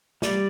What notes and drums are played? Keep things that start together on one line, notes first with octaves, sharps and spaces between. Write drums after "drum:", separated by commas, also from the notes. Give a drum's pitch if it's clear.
G3 D5, drum: snare